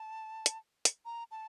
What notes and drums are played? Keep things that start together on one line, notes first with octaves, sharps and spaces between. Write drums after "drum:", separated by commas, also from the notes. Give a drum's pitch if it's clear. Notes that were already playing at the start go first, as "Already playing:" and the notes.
Already playing: A5
drum: hi-hat
drum: hi-hat
A#5
A5